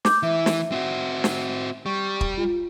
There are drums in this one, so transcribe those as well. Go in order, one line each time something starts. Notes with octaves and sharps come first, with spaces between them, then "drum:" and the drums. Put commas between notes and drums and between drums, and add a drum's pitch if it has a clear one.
D6 G6, drum: snare
E3 E5
drum: snare
C4 F#4
drum: snare
G3 C#6
drum: kick
F4